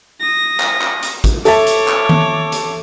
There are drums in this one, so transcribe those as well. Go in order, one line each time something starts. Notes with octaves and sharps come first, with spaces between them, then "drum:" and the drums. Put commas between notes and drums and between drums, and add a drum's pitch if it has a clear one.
D#6 A#6
drum: clap
drum: clap
drum: hi-hat
drum: kick, hi-hat
A4 C#5 E5 A5 D6, drum: hi-hat
drum: hi-hat
drum: clap
drum: tom D#3
drum: hi-hat